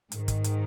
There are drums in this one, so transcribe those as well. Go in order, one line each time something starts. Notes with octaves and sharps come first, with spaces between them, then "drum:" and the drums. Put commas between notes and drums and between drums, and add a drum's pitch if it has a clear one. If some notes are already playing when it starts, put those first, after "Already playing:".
G#2 D#3, drum: hi-hat
drum: kick, hi-hat
drum: hi-hat